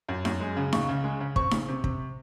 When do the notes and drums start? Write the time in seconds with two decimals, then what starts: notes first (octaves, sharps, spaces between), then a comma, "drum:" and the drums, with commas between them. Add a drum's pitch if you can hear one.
0.09 F#2
0.25 F#2, drum: snare D#4
0.40 G#3
0.57 C#3
0.73 C#2 C#6, drum: snare D#4
0.89 C#3
1.04 G#3
1.20 C#3
1.36 C4 C#6, drum: kick
1.51 C#3, drum: snare D#4
1.68 C3
1.84 C3, drum: kick